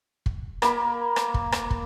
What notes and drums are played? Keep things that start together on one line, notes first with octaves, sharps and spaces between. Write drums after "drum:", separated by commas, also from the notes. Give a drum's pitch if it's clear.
drum: kick
A#3 B5, drum: rim click
drum: rim click
drum: kick
drum: rim click
drum: kick